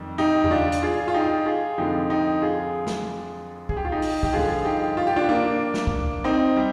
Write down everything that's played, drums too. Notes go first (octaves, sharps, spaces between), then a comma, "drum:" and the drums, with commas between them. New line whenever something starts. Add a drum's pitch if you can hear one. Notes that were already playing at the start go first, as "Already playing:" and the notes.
Already playing: F2 D#3 G3
D#4 G4
G4, drum: tom E2
D4 F4
drum: hi-hat
F4 G#4
F4
D#4 G4
F4 G#4
F2 D3 F3 D#4 G4
D#4 G4
F4 G#4
drum: snare
G#4, drum: kick
G4
F4
D#4 G4
drum: open hi-hat
G4, drum: kick
G2 D3 F3 F4 G#4
D#4 G4
F4
G4
D4 F4
A#3 D4
drum: snare
drum: kick
C4 D#4
G3